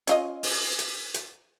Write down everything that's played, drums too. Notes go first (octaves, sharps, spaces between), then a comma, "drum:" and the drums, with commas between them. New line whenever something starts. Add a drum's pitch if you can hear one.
C#4 F4 D#5, drum: hi-hat
drum: open hi-hat
drum: hi-hat
drum: hi-hat